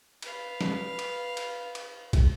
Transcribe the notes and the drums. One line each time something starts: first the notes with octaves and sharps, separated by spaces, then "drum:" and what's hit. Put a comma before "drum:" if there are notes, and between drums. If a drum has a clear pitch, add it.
B4 F5, drum: cymbal
drum: snare
drum: cymbal
drum: cymbal
drum: cymbal
drum: kick, cymbal